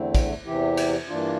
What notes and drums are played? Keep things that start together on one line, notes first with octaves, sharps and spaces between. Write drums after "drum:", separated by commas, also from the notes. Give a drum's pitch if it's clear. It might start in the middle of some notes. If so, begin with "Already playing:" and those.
Already playing: E2 D3 A3 C4 E4
drum: kick, cymbal
E2 C3 E3 E4 G4
drum: cymbal
G2 E3 A#3 D4 F4